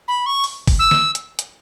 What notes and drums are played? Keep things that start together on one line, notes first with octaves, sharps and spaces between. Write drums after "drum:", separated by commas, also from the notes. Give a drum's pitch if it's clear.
B5
C#6
drum: open hi-hat
drum: kick, open hi-hat
E6
drum: snare
drum: hi-hat
drum: hi-hat